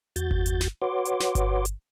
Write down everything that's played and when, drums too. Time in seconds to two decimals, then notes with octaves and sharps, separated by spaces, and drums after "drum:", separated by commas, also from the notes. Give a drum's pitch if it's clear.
0.16 E2 F#4 G6 A6, drum: hi-hat
0.31 drum: kick G1
0.46 drum: hi-hat
0.61 drum: snare
0.82 F#4 B4 C#5 F#5 C6 D6
1.05 drum: hi-hat
1.20 drum: snare
1.35 drum: kick G1, hi-hat
1.65 drum: hi-hat